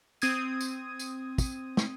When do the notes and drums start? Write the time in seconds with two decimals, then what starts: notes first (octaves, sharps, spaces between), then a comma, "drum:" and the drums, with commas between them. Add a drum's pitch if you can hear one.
0.22 C4 D#6 G#6 D#7, drum: tambourine
0.61 drum: tambourine
0.99 drum: tambourine
1.38 drum: kick, tambourine
1.77 drum: snare